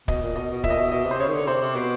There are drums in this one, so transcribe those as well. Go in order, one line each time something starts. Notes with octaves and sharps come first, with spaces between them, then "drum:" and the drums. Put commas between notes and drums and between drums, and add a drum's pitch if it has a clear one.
B2 D#5, drum: kick
A#2
B2 D#5
B2
A#2 E5, drum: kick
D#5
B2 E5
B2 D#5
C3
C5
C#3 C#5
D#3
D3
C3 C5
C3
B2 B4